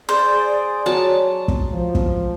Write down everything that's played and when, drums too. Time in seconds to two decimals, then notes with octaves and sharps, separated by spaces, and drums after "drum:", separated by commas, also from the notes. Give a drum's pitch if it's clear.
0.09 G#4 C5 D5
0.86 F#3 A5
1.48 drum: kick
1.71 F3
1.95 drum: kick